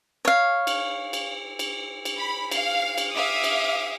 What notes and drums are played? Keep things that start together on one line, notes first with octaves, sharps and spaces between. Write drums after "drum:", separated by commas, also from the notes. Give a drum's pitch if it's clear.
C#5 F5
drum: cymbal
drum: cymbal
drum: cymbal
drum: cymbal
B5
F5, drum: cymbal
drum: cymbal
E5 F5 D6 D#6
drum: cymbal